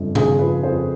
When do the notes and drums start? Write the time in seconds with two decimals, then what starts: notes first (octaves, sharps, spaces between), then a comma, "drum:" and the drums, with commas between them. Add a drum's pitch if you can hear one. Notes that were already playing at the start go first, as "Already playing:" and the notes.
Already playing: G1 F2 C#3
0.15 C#3 G#4, drum: tom G2
0.39 F3 B4
0.63 F2 C5